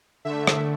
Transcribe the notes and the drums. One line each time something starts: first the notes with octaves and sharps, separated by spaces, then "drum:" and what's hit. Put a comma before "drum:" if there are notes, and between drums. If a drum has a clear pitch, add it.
D3 A3 E5
drum: rim click